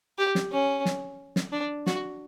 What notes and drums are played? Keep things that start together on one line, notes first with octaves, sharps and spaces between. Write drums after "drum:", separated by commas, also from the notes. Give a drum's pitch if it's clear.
G4
drum: snare
C#4
drum: snare
drum: snare
D4
F#4, drum: snare